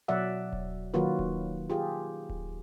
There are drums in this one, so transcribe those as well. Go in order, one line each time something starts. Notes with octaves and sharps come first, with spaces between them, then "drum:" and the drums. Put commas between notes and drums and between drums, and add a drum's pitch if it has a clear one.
B2 F#3 D5 E5 F#5
drum: kick D1
D#3 F#3 A#3 F4 F#4 B4
drum: kick D1
F4 G4 G#4
drum: kick D1